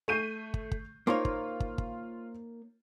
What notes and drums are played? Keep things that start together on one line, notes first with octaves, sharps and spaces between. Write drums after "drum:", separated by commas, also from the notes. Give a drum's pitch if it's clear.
A3 C#6 G6 C7 D#7
drum: kick
drum: kick
A#3 D#4 F4 C5 C#5 C6
drum: kick
drum: kick
drum: kick